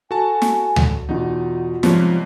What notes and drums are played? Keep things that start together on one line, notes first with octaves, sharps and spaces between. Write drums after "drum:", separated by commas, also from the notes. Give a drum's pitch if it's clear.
F#4 A4 G#5 A5
drum: snare
drum: tom D2
E2 B2 D#4 F4
G#2 C3 F3 G3 B3 C#5, drum: snare